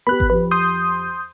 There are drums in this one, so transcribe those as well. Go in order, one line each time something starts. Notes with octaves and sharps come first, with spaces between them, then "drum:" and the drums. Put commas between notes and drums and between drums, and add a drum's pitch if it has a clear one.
B3 G4 B5 F#6
drum: kick G#1
F2 G4 B4
C6 D#6 G6